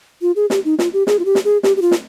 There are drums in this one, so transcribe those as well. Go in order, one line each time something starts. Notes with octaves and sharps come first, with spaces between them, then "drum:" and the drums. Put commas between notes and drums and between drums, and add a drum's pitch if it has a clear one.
F4
G#4
G4, drum: snare
D#4
F4, drum: snare
G4
G#4, drum: snare
F4
G4
drum: snare
G#4
G4, drum: snare
G4
F4
drum: snare